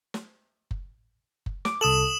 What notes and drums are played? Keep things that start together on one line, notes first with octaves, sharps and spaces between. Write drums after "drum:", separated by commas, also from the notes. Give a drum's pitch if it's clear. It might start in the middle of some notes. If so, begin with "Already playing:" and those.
drum: snare
drum: kick F#1
drum: kick F#1
D6, drum: snare
C2 A4 D#6 E7 F#7